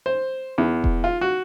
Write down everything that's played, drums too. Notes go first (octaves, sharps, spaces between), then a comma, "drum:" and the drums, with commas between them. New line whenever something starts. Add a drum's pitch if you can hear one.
C5
E2
drum: kick E1
F4
F#4